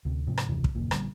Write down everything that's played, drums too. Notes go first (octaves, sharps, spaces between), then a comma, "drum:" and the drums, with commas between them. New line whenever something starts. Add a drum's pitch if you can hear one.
D2 C3
G#2 C3 F3
drum: rim click
F#1 D#2 C3 E3
drum: kick
F#1 D#2 A#2
A#1 D3 G3 B3, drum: rim click